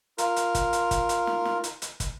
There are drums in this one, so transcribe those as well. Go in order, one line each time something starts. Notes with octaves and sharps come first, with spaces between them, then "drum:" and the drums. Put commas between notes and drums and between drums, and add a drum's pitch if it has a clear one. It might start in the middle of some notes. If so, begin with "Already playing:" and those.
F4 A#4, drum: hi-hat
drum: hi-hat
drum: kick, hi-hat
drum: hi-hat
drum: kick, hi-hat
drum: hi-hat
drum: snare
drum: snare
drum: hi-hat
drum: hi-hat
drum: kick, hi-hat